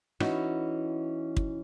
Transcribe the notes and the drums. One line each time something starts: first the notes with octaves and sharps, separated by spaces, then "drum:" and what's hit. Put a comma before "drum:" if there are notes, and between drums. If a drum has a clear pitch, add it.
E3 C#4 D#4 E4 F#4, drum: rim click
drum: kick